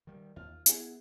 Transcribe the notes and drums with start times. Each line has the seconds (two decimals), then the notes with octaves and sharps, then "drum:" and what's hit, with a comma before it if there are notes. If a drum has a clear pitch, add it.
0.07 D#3 G3
0.36 D#2 F4
0.66 B3 E4 G#4, drum: hi-hat